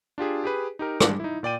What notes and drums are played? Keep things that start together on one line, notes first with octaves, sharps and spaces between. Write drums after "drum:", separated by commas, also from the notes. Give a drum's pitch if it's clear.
D4 F4 G4 G#4
G4 G#4 B4
D#4 G4 A#4
G3 G#3 D4, drum: rim click
D#4 E4
A#2 D5 G5 D#7